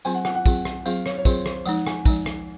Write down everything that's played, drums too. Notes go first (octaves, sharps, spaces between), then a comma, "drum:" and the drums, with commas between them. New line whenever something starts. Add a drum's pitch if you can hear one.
F#3 C4 F4 G#4 G#5, drum: tambourine
F#5
F#5, drum: rim click
F#5
F#3 C4 F4 G#4, drum: kick, tambourine
drum: rim click
F#3 C4 F4 G#4 F5, drum: tambourine
C#5, drum: rim click
C#5
F#3 C4 F4 G#4 C5, drum: kick, tambourine
drum: rim click
F3 G#3 D#4 F#5, drum: tambourine
G#5, drum: rim click
F3 G#3 D#4, drum: kick, tambourine
drum: rim click